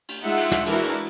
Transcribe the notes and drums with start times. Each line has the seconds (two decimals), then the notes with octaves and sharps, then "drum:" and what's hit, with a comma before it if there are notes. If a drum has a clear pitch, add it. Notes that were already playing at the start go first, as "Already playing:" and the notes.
0.09 drum: cymbal
0.24 G#3 D#4 F4 E5 F#5
0.37 drum: cymbal
0.52 drum: snare
0.66 E3 G#3 D4 E4 F#4 A#4, drum: cymbal